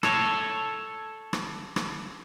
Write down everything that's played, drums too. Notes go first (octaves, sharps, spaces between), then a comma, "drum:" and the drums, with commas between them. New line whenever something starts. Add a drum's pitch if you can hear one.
A4 C#5, drum: rim click
drum: rim click
drum: rim click